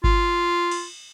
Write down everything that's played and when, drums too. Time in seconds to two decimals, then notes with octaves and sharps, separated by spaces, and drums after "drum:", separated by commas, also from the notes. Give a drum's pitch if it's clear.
0.04 F4, drum: kick G1
0.71 drum: cymbal